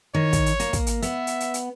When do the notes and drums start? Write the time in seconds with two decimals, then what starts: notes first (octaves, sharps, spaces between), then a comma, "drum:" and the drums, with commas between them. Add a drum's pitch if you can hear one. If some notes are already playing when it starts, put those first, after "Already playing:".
0.14 D#3 C#5
0.33 drum: kick, hi-hat
0.46 drum: hi-hat
0.60 A#3, drum: hi-hat
0.73 drum: kick, hi-hat
0.87 drum: hi-hat
1.02 B3 E5, drum: hi-hat
1.27 drum: hi-hat
1.40 drum: hi-hat
1.54 drum: hi-hat